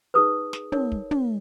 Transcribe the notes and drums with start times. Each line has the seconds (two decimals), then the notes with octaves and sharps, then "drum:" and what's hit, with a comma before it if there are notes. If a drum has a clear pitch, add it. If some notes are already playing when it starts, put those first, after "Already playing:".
0.14 D#4 G#4 B4 D#6
0.53 drum: snare
0.72 D#4 A#4 C#5, drum: tom
0.92 drum: kick
1.11 drum: tom